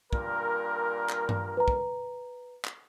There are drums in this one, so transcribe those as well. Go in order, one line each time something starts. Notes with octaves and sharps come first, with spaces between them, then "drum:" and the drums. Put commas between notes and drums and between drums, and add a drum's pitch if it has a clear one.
G2 A#2 A#4, drum: kick
drum: clap
drum: tom G2
B4 A#5
drum: kick
drum: clap